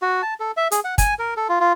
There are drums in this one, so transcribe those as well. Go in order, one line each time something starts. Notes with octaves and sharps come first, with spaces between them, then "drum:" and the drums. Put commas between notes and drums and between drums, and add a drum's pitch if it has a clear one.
F#4
A5
A4
E5
G#4, drum: hi-hat
F#5
G#5, drum: kick, hi-hat
A#4
A4
F4
F4